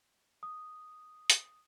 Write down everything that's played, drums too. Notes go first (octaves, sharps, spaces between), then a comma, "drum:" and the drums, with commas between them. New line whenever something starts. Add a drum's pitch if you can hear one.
D#6
drum: hi-hat